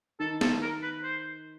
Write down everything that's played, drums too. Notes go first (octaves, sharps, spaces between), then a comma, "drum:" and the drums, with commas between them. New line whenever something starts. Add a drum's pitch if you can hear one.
D#3 A4
A4, drum: snare
A#4
B4
C5